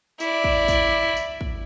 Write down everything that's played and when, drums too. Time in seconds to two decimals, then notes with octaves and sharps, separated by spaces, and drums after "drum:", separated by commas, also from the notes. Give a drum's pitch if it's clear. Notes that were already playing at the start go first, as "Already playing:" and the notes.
0.20 E4 D5, drum: tambourine
0.44 drum: kick
0.68 drum: kick, tambourine
1.17 drum: tambourine
1.41 drum: kick